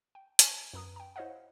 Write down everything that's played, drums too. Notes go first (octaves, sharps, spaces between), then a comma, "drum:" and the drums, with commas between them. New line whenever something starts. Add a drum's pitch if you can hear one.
G5
G#5 A5 C#6, drum: hi-hat
F#2 B4 A#5 D#6
G5 A#5
E4 C5 C#5 D#5 F5 F#5